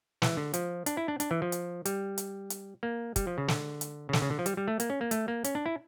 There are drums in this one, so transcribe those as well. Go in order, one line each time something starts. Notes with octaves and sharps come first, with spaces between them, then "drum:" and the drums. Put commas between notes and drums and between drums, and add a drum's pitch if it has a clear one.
E3, drum: snare
D3
F3, drum: hi-hat
D4, drum: hi-hat
E4
D4
D4, drum: hi-hat
E3
F3
drum: hi-hat
G3, drum: hi-hat
drum: hi-hat
drum: hi-hat
A#3
G3, drum: kick, hi-hat
F3
C#3
D3, drum: snare
drum: hi-hat
C#3
D3, drum: snare
C#3
D3
F3
G3, drum: hi-hat
G3
A3
A#3, drum: hi-hat
C#4
A#3
A3, drum: hi-hat
A#3
C#4, drum: hi-hat
D4
E4